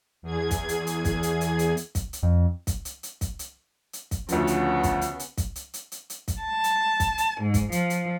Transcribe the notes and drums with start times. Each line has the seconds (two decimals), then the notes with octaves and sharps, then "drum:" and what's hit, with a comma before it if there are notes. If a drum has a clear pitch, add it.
0.22 E2 G#4 G#6
0.51 drum: kick, hi-hat
0.69 drum: hi-hat
0.87 drum: hi-hat
1.05 drum: kick, hi-hat
1.23 drum: hi-hat
1.41 drum: hi-hat
1.59 drum: hi-hat
1.77 drum: hi-hat
1.95 drum: kick, hi-hat
2.13 drum: hi-hat
2.23 F2
2.67 drum: kick, hi-hat
2.85 drum: hi-hat
3.03 drum: hi-hat
3.21 drum: kick, hi-hat
3.39 drum: hi-hat
3.93 drum: hi-hat
4.11 drum: kick, hi-hat
4.29 D2 C#3 F3 B3, drum: hi-hat
4.47 drum: hi-hat
4.83 drum: kick, hi-hat
5.01 drum: hi-hat
5.19 drum: hi-hat
5.38 drum: kick, hi-hat
5.56 drum: hi-hat
5.74 drum: hi-hat
5.92 drum: hi-hat
6.10 drum: hi-hat
6.28 drum: kick, hi-hat
6.41 A5
6.64 drum: hi-hat
7.00 drum: kick, hi-hat
7.18 drum: hi-hat
7.40 G#2
7.54 drum: kick, hi-hat
7.72 F3, drum: hi-hat
7.90 drum: hi-hat